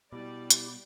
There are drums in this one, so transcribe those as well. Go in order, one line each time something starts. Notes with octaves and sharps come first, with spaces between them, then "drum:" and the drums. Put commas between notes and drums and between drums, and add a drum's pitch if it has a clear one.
B2 G3 E4 G4 D5
drum: hi-hat